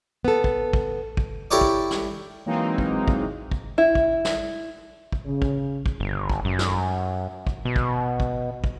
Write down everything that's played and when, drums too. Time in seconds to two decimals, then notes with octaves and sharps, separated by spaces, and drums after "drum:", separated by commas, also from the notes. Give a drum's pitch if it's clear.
0.25 B3 A4
0.44 drum: kick
0.73 drum: kick
1.17 drum: kick
1.51 E4 G4 A4 A#4 C#5 D5
1.61 drum: kick
1.91 drum: snare
2.46 E3 F#3 G#3 A#3 C4 D#4
2.78 drum: kick
3.08 drum: kick
3.51 drum: kick
3.78 E4
3.95 drum: kick
4.25 drum: snare
5.12 drum: kick
5.25 C#3
5.42 drum: kick
5.86 drum: kick
6.00 G1
6.30 drum: kick
6.45 F#2
6.59 drum: snare
7.47 drum: kick
7.65 B2
7.76 drum: kick
8.20 drum: kick
8.64 drum: kick